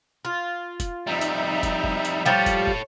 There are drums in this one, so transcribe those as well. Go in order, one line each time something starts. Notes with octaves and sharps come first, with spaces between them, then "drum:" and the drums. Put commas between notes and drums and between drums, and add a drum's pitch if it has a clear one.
F4
drum: kick, hi-hat
F2 G3 D#4 E5
drum: hi-hat
drum: kick, hi-hat
drum: kick
drum: hi-hat
F3 G3 A4 C#5
drum: kick, hi-hat
drum: kick